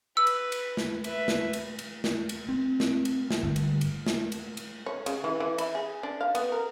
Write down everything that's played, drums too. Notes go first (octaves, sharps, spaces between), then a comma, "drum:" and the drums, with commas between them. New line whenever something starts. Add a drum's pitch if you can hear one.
B4 E6
drum: cymbal
drum: cymbal
drum: snare
B4 E5, drum: cymbal
drum: snare
drum: cymbal
drum: cymbal
drum: snare
drum: cymbal
C4
drum: snare
drum: cymbal
drum: snare
G1
drum: cymbal
drum: cymbal
drum: snare
drum: cymbal
drum: cymbal
C#5
C#3, drum: cymbal
E3
E3
E4, drum: cymbal
G#4
D4
F5
B3, drum: cymbal
A#4